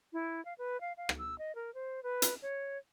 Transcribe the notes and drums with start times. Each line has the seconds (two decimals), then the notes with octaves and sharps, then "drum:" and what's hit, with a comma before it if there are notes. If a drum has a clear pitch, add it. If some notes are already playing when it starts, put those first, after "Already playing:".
0.13 E4
0.45 F5
0.58 B4
0.81 F5
0.97 F5
1.09 drum: rim click
1.19 E6
1.39 D#5
1.55 A#4
1.74 C5
2.03 B4
2.22 drum: hi-hat
2.42 C#5